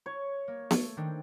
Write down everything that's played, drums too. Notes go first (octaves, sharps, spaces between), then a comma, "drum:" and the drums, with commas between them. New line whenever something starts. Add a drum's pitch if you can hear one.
C#5
A#3
A3, drum: snare B3
D#3 C4 D4